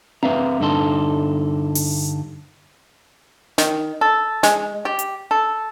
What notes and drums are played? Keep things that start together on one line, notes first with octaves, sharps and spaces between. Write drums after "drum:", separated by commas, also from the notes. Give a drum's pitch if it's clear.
C4 B4 E5 F5 A#5, drum: tom C4
G2 D3 D#4 A4 B4 C6
drum: open hi-hat
D#3, drum: snare
A4
G#3, drum: snare
G4
drum: hi-hat
A4